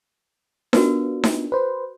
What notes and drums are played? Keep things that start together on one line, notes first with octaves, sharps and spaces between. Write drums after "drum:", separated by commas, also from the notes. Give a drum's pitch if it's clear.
B3 D4 F4 F#4 A#4 B4, drum: snare D#4
drum: snare D#4
B4 C5